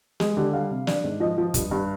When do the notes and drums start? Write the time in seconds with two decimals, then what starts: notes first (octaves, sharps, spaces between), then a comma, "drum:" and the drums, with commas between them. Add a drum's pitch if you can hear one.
0.20 G#3 G#4, drum: snare
0.37 D3 G4
0.53 G3 F5
0.71 C3
0.87 D4, drum: snare
1.04 G#2
1.20 F3 D#5
1.38 F3
1.54 G2, drum: kick, hi-hat
1.71 G2